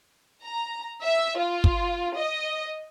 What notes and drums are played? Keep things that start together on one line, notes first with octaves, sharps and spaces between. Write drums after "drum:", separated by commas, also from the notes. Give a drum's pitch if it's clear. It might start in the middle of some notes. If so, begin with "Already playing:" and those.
A#5
E5
F4
drum: kick
D#5